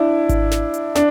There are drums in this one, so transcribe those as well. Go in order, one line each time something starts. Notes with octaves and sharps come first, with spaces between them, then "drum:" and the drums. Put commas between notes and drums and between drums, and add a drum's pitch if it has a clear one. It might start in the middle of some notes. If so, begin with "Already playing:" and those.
Already playing: D4 E4
drum: kick G#1, hi-hat
drum: snare
drum: hi-hat
D4, drum: snare